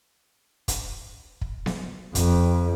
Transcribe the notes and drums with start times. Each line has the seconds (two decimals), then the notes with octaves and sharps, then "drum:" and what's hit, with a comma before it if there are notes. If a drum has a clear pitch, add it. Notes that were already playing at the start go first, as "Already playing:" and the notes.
0.68 drum: kick, hi-hat
1.41 drum: kick
1.66 drum: snare B3
2.15 F2, drum: kick, hi-hat